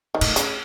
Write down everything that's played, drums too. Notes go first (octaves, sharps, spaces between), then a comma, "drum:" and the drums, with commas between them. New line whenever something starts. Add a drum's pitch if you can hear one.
D#3
A2, drum: cymbal
C#3, drum: hi-hat